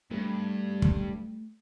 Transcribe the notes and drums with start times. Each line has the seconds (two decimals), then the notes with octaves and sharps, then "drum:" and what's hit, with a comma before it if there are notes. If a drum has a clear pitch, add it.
0.11 G2 A3
0.82 drum: kick